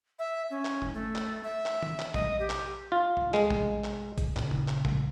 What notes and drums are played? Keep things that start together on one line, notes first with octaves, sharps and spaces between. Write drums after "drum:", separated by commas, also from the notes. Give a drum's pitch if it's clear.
E5
C#4
drum: clap
drum: tom
A3
drum: clap
E5
drum: clap
drum: tom D#3
drum: clap
D#5, drum: tom
G4
drum: clap
F4
drum: tom
G#3, drum: clap
drum: tom
drum: clap
drum: kick, hi-hat
A#2 C#3, drum: clap
drum: tom
drum: clap
drum: tom